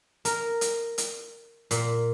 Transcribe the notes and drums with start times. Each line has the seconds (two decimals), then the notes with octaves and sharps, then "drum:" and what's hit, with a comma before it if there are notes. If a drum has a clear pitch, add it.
0.25 A#4, drum: hi-hat
0.61 drum: hi-hat
0.98 drum: hi-hat
1.71 A#2, drum: hi-hat